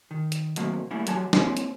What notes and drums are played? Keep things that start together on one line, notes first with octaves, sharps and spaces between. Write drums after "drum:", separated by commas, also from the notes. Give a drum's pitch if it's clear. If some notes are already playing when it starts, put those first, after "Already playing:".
D#3
drum: hi-hat
B2 D#3 F#3 A3 A#3 C4, drum: hi-hat
G3 A3 A#3 C#4 E4
E2 F#3 G4 G#5 A5, drum: hi-hat
G#3 A#3 C4 E4 C5 C#5, drum: snare
drum: hi-hat